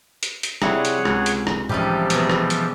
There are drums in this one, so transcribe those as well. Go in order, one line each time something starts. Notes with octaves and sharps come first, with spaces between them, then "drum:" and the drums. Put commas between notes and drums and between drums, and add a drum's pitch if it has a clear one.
drum: hi-hat
drum: hi-hat
C3 G3 E4 G#4 C#5 F#5, drum: rim click
drum: hi-hat
C#2, drum: rim click
drum: hi-hat
drum: rim click
C3 E3 F3 G3 C#4 D#4 G4, drum: tom A2
B2 G#4, drum: hi-hat
drum: rim click
drum: hi-hat